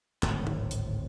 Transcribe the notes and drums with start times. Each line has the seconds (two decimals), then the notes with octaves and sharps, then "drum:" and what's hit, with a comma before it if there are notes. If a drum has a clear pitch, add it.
0.22 D1 G#1 A2, drum: clap
0.47 drum: tom D3
0.71 drum: hi-hat